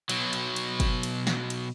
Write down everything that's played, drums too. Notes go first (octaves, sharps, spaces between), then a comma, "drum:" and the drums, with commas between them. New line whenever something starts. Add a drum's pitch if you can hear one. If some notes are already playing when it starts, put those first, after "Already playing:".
B2 F#3, drum: cymbal
drum: cymbal
drum: cymbal
drum: kick, cymbal
drum: cymbal
drum: snare
drum: cymbal